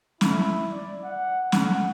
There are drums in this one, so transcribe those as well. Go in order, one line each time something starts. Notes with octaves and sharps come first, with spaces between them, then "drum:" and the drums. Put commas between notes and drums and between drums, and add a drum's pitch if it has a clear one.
E4, drum: snare
D5
F#5
F#5, drum: snare